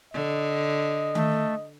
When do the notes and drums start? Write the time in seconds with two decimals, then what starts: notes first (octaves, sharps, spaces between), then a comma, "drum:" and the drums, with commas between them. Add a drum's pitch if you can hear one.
0.14 D3 D#5
1.15 A3, drum: tom D#3